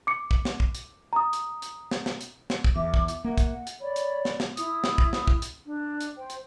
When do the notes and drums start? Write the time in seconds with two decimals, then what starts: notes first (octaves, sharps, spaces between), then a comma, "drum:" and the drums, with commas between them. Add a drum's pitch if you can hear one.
0.07 D6 C#7
0.31 drum: kick
0.45 drum: snare
0.60 drum: kick
0.75 drum: hi-hat
1.13 A#5 D#6
1.33 drum: hi-hat
1.62 drum: hi-hat
1.91 drum: snare
2.06 drum: snare
2.21 drum: hi-hat
2.50 drum: snare
2.64 drum: kick
2.76 E2 E5 D6
2.94 drum: kick
3.08 drum: hi-hat
3.24 A#3 F#5
3.38 drum: kick, hi-hat
3.67 drum: hi-hat
3.81 C#5 D5 B5
3.96 drum: hi-hat
4.25 drum: snare
4.40 drum: snare
4.57 E4 D#6, drum: hi-hat
4.84 drum: snare
4.98 drum: kick
5.13 drum: snare
5.27 drum: kick
5.42 drum: hi-hat
5.66 D4
6.01 drum: hi-hat
6.17 C5 G5
6.30 drum: hi-hat